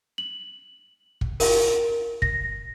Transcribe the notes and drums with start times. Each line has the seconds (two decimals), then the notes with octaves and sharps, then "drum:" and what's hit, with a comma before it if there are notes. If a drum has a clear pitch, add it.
0.18 F#7
1.21 drum: kick
1.40 A#4, drum: open hi-hat
2.22 A#6, drum: kick